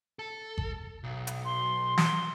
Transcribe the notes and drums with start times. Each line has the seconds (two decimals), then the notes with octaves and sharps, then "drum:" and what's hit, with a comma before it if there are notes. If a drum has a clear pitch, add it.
0.19 A4
0.58 drum: kick G#1
1.04 B1
1.27 drum: hi-hat
1.45 C6
1.98 drum: snare